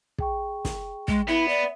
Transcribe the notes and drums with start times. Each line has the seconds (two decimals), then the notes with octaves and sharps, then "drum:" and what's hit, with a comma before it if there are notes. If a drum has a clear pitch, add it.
0.18 G#4 G5 C#6, drum: kick
0.65 drum: snare
1.08 G#3, drum: kick
1.28 B3 E4 E5
1.48 D5